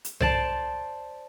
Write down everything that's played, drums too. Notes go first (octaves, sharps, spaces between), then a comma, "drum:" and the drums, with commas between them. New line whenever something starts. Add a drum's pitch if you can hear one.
drum: hi-hat
C5 D5 A5, drum: tom C2